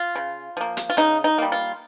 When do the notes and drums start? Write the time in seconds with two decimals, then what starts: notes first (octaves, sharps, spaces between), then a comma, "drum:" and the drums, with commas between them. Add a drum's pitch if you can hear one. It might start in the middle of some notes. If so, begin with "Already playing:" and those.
Already playing: F4
0.15 C#3
0.57 F3 A#3
0.77 drum: hi-hat
0.90 F4
0.97 C#3 D#4, drum: hi-hat
1.24 D#4
1.38 G3 A#3
1.52 F4